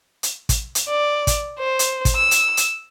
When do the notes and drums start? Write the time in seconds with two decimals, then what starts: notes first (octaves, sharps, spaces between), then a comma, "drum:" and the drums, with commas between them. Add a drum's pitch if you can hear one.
0.23 drum: hi-hat
0.49 drum: kick, hi-hat
0.75 drum: hi-hat
0.88 D5
1.27 drum: kick, hi-hat
1.59 C5
1.79 drum: hi-hat
2.05 drum: kick, hi-hat
2.16 E6
2.31 drum: hi-hat
2.57 drum: hi-hat